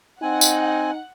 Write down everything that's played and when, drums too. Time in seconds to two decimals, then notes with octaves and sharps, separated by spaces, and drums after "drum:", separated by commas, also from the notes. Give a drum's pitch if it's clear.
0.22 C4 D#4 F#5 G#5
0.41 drum: tambourine